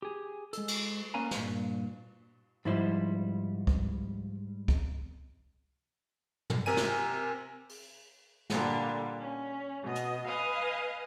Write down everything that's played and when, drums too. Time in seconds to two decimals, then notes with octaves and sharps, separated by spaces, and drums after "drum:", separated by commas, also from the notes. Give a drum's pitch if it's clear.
0.02 G4 G#4
0.53 G#3 A4, drum: hi-hat
0.68 drum: cymbal
1.14 A#3 C#4 B4 F5 G#5 A#5
1.31 G2 A#2, drum: snare
2.65 G#2 F3 G3 E4 C5
3.67 drum: kick
4.68 drum: kick
6.50 drum: tom
6.66 C3 A#4 G#5 D#7
6.77 drum: snare
7.69 drum: open hi-hat
8.50 A#2 D3 G3, drum: snare
9.20 C#4
9.84 B2 D#5
9.95 drum: hi-hat
10.27 B4 D#5 F5 G#5